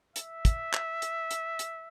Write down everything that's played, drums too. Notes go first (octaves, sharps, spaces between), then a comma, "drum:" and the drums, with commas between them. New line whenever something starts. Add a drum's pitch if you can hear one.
E5, drum: hi-hat
drum: kick, hi-hat
drum: clap
drum: hi-hat
drum: hi-hat
drum: hi-hat